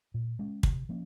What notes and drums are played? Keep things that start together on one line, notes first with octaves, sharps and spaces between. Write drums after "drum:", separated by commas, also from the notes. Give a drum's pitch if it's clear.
A#2
G#3 C#4
C3, drum: kick
F3 A#3 C#4